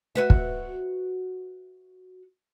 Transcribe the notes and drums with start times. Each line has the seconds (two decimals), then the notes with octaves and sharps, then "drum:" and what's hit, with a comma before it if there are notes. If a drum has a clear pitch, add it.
0.15 F#4 B4 E5
0.30 drum: kick